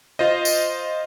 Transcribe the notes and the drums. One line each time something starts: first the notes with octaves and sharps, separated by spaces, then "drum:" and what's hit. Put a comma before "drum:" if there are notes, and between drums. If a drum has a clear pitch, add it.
F4 C5 D#5
drum: tambourine